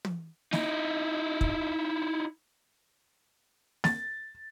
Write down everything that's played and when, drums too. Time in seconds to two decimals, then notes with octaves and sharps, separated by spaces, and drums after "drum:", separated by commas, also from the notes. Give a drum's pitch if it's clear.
0.05 drum: tom
0.53 D#4 E4, drum: snare
1.41 drum: kick
3.84 A6, drum: snare